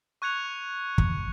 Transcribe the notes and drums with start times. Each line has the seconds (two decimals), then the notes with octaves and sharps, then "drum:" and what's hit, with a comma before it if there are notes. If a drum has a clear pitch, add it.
0.22 C#6 F#6 G#6 C#7 F7
0.98 drum: kick